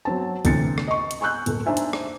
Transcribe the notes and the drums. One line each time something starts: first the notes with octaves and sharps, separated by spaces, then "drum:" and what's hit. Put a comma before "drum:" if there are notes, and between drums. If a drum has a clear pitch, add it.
F#3 C4 A5
D2 C3 E3 A6 C#7, drum: kick, hi-hat
drum: rim click
D#5 C#6
drum: hi-hat
G#5 C#6 E6 F#6 G6
D#1 A4, drum: hi-hat
D4 D#4 C5 E5 G#5
drum: hi-hat
drum: rim click